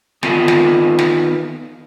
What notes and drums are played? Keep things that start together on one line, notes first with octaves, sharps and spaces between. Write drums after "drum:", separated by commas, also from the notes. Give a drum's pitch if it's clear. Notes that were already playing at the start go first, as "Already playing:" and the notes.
D#3 B3 F4 B4, drum: snare
drum: snare
drum: snare